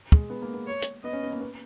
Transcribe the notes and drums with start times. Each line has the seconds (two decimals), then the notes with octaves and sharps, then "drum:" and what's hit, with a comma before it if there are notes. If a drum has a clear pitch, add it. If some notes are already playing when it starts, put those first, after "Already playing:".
0.12 G#3, drum: kick
0.30 B3
0.42 A#3
0.54 B3
0.67 C#5
0.82 drum: hi-hat
1.04 B3 D#5
1.13 C#4
1.23 B3
1.32 A#3
1.41 B3